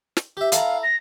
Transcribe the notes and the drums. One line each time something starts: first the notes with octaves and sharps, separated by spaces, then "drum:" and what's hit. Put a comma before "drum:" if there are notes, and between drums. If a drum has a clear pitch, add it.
drum: snare
G4 E5
E4 A4 F5 A#5, drum: hi-hat
A#6